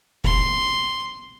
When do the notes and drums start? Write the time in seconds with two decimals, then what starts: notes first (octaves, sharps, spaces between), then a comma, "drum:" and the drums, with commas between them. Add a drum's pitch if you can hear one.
0.24 C6, drum: kick F1